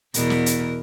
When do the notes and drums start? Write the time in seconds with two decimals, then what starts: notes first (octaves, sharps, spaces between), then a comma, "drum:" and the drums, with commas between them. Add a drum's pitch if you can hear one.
0.14 E2 B2 A#4, drum: hi-hat
0.30 drum: snare
0.46 drum: hi-hat